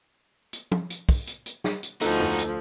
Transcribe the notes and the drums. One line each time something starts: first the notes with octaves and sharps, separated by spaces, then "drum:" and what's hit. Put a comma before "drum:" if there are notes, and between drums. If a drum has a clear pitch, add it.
drum: hi-hat
drum: tom
drum: hi-hat
drum: kick, open hi-hat
drum: hi-hat
drum: hi-hat
drum: snare
drum: hi-hat
D2 F3 D#4 F#4 A4, drum: hi-hat
drum: tom
drum: hi-hat